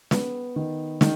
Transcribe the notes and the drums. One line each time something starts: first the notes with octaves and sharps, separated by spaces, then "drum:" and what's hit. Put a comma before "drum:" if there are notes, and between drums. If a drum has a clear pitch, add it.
B3, drum: snare
D#3
D#3, drum: snare